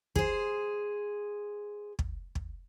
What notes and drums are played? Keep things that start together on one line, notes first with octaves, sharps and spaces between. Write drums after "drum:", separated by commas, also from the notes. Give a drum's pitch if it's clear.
G#4 C5, drum: kick
drum: kick
drum: kick